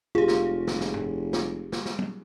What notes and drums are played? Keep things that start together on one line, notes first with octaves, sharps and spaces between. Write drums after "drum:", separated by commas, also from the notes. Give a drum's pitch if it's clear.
F1 F4 G4 G#4
drum: snare
drum: snare
drum: snare
drum: tom G2
drum: snare
drum: snare
drum: snare
drum: tom F#3